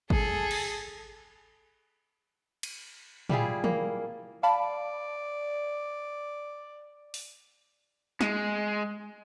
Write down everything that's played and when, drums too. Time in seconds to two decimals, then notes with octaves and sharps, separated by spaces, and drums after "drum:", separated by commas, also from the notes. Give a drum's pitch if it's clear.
0.10 G#4 A4, drum: kick G#1
0.51 drum: cymbal
2.63 drum: cymbal
3.29 G3 E4 F4 G#4, drum: tom
3.64 A#3, drum: tom
4.43 D5 F5 A5 B5
7.14 drum: open hi-hat
8.21 G#3, drum: snare